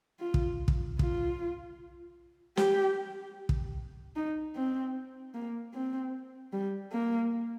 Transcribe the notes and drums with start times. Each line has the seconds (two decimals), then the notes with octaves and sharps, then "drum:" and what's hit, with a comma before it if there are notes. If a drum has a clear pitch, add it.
0.20 F4
0.34 drum: kick
0.68 drum: kick
0.99 F4, drum: kick
2.57 G4, drum: snare
3.49 drum: kick
4.16 D#4
4.55 C4
5.34 A#3
5.73 C4
6.53 G3
6.92 A#3